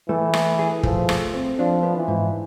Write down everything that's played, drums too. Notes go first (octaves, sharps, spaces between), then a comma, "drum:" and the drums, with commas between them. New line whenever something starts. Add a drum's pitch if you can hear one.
E3 A3
A3, drum: rim click
G#4
F3 A3, drum: kick
A3, drum: rim click
C4
F3 D4
B3
E3
G#2